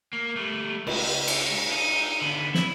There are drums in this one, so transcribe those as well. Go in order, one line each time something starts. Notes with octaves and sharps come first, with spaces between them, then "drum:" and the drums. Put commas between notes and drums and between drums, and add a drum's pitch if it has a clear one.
A#3
G3 A3
C#2, drum: cymbal
drum: cymbal
D#4
D3 B3
E4, drum: snare